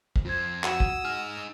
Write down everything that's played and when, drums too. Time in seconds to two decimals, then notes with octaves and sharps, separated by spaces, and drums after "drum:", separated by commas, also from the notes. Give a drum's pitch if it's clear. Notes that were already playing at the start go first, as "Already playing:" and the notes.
0.16 drum: kick
0.25 F2 F4 C5 G#6
0.64 F#4 D#6 E6, drum: clap
0.80 drum: kick
1.05 D#4 G#4 F6